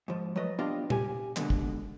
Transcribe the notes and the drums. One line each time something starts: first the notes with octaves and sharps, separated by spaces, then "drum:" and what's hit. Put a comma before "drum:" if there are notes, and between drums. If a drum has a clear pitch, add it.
G#2 F3
F#3 A3 B4 D#5
B3 D4 F4 G4 D#5 F5
G4 G#5, drum: tom A#2
G#2 B2 D3 D#3 G#3, drum: clap
drum: kick